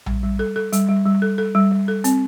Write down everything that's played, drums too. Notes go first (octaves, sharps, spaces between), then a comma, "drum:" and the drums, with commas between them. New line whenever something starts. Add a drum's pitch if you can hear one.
G3, drum: tom A#1
G3
A4
A4
G3, drum: hi-hat
G3
G3
A4
A4
G3
G3
A4
C4, drum: hi-hat